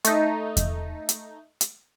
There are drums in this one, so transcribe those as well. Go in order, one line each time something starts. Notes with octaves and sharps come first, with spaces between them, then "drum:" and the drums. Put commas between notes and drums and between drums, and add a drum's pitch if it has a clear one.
A3 D#4, drum: hi-hat
drum: kick E2, hi-hat
drum: hi-hat
drum: hi-hat